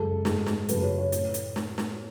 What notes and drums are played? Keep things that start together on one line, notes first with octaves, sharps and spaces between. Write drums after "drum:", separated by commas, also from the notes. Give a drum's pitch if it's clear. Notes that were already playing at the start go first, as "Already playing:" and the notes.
Already playing: F#2 C#3 G#3 A4
G#2 G#3, drum: snare
drum: snare
F#2 C#3 F#3 A3 B4, drum: hi-hat
C#5
C#5
A2, drum: hi-hat
drum: hi-hat
drum: snare
drum: snare